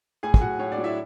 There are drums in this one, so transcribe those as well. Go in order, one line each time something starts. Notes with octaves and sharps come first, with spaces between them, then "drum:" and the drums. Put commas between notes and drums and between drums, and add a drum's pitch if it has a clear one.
A2 G#4 G#5
G#5, drum: kick
F#3 F#4 F#5
A2 C#5
D4 D5
F#3
E4 E5